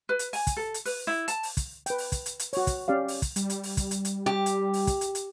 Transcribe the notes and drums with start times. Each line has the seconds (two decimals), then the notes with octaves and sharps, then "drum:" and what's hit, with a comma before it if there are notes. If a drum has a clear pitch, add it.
0.09 B4
0.19 drum: hi-hat
0.33 G#5, drum: open hi-hat
0.47 drum: kick, hi-hat
0.56 A4
0.74 drum: hi-hat
0.85 B4, drum: open hi-hat
1.07 E4
1.28 A5, drum: hi-hat
1.43 drum: open hi-hat
1.57 drum: kick, hi-hat
1.86 B4 G5, drum: hi-hat
1.98 drum: open hi-hat
2.12 drum: kick, hi-hat
2.26 drum: hi-hat
2.39 drum: hi-hat
2.53 F#4 C#5, drum: open hi-hat
2.67 drum: kick, hi-hat
2.88 C#4 G4 D5 F5
3.08 drum: open hi-hat
3.22 drum: kick, hi-hat
3.36 G3, drum: hi-hat
3.50 drum: hi-hat
3.63 drum: open hi-hat
3.77 drum: kick, hi-hat
3.91 drum: hi-hat
4.05 drum: hi-hat
4.26 G4
4.46 drum: hi-hat
4.73 drum: open hi-hat
4.87 drum: kick, hi-hat
5.01 drum: hi-hat
5.15 drum: hi-hat